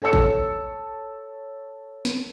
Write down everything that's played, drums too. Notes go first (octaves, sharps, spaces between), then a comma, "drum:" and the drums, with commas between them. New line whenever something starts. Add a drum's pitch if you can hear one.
A4 C#5 A5 E6 C#7
drum: kick G#1
drum: snare